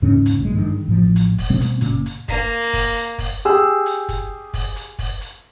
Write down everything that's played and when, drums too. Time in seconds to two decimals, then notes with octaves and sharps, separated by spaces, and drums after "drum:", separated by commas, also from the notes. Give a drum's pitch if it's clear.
0.02 D#2 G#2 C#3 C#4
0.26 drum: hi-hat
0.40 A#1 F3 G#3
0.54 G2 D#3 G#3
0.86 A1 A2 F3
1.16 drum: hi-hat
1.38 drum: kick, open hi-hat
1.50 B2 G3 A3 C4
1.61 drum: hi-hat
1.81 F#1 A#2 C#3, drum: hi-hat
2.06 drum: hi-hat
2.28 A#3, drum: kick, hi-hat
2.73 drum: kick, open hi-hat
2.96 drum: hi-hat
3.18 drum: kick, open hi-hat
3.45 G4 G#4 E6
3.86 drum: hi-hat
4.09 drum: kick, hi-hat
4.54 drum: kick, open hi-hat
4.76 drum: hi-hat
4.99 drum: kick, open hi-hat
5.21 drum: hi-hat